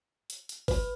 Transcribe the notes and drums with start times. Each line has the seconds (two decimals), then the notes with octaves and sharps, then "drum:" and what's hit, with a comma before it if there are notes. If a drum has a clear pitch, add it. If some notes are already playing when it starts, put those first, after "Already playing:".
0.30 drum: hi-hat
0.49 drum: hi-hat
0.68 B4, drum: kick G1, open hi-hat